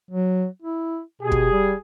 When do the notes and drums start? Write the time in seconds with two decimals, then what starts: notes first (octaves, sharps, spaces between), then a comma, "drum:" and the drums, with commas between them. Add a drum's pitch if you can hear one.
0.11 F#3
0.62 E4
1.22 B2 G4 G#4
1.32 drum: kick
1.52 G3